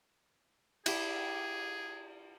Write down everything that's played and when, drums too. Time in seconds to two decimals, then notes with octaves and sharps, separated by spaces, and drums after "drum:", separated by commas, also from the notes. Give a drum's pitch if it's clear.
0.86 E4 G4 G#4, drum: cymbal